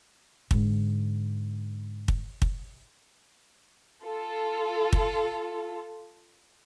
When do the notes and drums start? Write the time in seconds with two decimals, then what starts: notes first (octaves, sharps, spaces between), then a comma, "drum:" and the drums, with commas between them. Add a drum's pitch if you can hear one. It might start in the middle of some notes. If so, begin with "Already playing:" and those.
0.51 G#2 D3, drum: kick
2.08 drum: kick
2.42 drum: kick
4.04 F4 A4
4.93 drum: kick